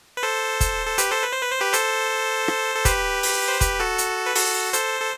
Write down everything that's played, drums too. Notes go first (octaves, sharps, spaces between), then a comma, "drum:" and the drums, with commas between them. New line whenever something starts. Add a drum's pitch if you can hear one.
B4
A4 C5
drum: kick, hi-hat
A4
G4 B4, drum: hi-hat
A4 C5
B4
C5
B4
C5
G4 B4
A4 C5, drum: hi-hat
drum: rim click
A4
G4 B4, drum: kick, hi-hat
drum: open hi-hat
C5
G4 B4, drum: kick, hi-hat
F#4 A4
drum: hi-hat
B4
F#4 A4, drum: open hi-hat
A4 C5, drum: hi-hat
A4